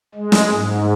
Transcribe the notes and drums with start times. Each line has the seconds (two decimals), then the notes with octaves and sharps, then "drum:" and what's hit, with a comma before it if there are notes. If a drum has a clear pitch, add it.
0.15 G#3
0.32 drum: snare
0.53 G#2